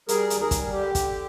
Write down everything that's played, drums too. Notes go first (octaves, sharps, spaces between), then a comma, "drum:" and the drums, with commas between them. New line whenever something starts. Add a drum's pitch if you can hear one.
G3 G#4 A#4, drum: hi-hat
D#2, drum: hi-hat
G#4 A#4
G3, drum: kick, hi-hat
D3 G4
D3, drum: kick, hi-hat